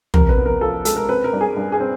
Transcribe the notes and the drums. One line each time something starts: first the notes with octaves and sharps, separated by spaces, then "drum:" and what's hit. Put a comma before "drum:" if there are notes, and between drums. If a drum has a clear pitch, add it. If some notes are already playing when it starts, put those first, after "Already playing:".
C3 A#4, drum: tom
B4
B3
A#4
F3 A4
G#3 A4, drum: hi-hat
A#4
C4 B4
A#4
G2
G#4
G2
G#4
C4